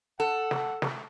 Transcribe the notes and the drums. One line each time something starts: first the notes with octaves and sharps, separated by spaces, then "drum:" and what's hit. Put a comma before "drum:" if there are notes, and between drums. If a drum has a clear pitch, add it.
A4 F#5
drum: snare
drum: snare